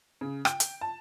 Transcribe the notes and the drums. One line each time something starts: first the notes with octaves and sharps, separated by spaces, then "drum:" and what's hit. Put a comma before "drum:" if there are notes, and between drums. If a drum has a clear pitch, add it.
C#3
G5, drum: rim click
drum: hi-hat
A5